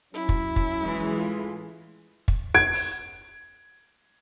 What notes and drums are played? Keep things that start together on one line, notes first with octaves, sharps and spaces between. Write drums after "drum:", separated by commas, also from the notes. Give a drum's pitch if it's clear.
F#3 C#4 E4
drum: kick
drum: kick
E3 G#3
A2 F4 G#4
drum: kick
G#6 D7
drum: open hi-hat